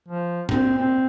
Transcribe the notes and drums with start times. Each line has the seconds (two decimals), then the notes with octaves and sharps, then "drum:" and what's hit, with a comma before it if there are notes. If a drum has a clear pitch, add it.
0.09 F3
0.49 C4, drum: tom A2
0.78 C4